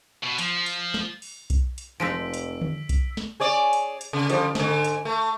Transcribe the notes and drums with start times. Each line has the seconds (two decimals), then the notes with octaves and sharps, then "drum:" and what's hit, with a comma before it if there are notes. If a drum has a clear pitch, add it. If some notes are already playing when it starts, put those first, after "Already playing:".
0.23 B2
0.38 F3, drum: hi-hat
0.66 drum: hi-hat
0.94 drum: snare
1.22 drum: open hi-hat
1.50 drum: kick B1, hi-hat
1.78 drum: hi-hat
2.00 F1 F3 G#3 D#4 E6 B6 D7
2.34 drum: hi-hat
2.61 drum: tom D3
2.89 drum: kick B1, hi-hat
3.17 drum: snare
3.40 G#4 C#5 D5
3.73 drum: hi-hat
4.01 drum: hi-hat
4.13 C#3
4.30 D3 F3 G3, drum: hi-hat
4.55 G#2 D3, drum: snare
4.84 drum: hi-hat
5.05 A3